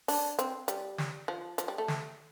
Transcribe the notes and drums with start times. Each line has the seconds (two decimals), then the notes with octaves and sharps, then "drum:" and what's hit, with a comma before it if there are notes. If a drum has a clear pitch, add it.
0.08 D4, drum: open hi-hat
0.39 C4, drum: hi-hat
0.68 G3, drum: hi-hat
0.98 drum: snare
1.28 F3
1.58 F3, drum: hi-hat
1.68 G3
1.78 A3
1.88 drum: snare